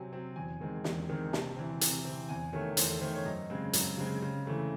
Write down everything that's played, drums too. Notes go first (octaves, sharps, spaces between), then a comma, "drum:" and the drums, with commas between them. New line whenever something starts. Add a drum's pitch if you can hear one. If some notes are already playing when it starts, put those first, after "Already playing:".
Already playing: C3 F#3 C4 G#5
F#3 C4
E2 G#5
D#3 G#3 C4
E2, drum: snare
D#3 G#3 C4
C3 A5, drum: snare
E3 C4
C3, drum: hi-hat
E3 C4
E2 G#5
D#3 A3 C#5
E2 C5, drum: hi-hat
A4
D#3 A3 C5
C#5
F#2 D#5
C#3 G#3 C4
F#2, drum: hi-hat
C#3 G#3 C4
C#3
E3 A3 C4